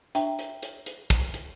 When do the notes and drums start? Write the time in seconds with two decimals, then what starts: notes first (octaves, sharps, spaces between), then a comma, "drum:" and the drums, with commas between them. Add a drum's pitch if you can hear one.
0.15 D4 E5 G5, drum: hi-hat
0.39 drum: hi-hat
0.63 drum: hi-hat
0.86 drum: hi-hat
1.10 drum: kick, open hi-hat
1.34 drum: hi-hat